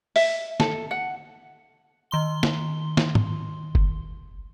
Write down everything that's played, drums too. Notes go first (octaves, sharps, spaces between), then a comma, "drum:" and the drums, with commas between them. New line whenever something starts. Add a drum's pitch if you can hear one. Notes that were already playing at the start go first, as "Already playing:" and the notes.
E5, drum: open hi-hat
A4, drum: snare
F#5
D#3 C6 G7
drum: snare
drum: snare
drum: tom G#2
drum: kick F#1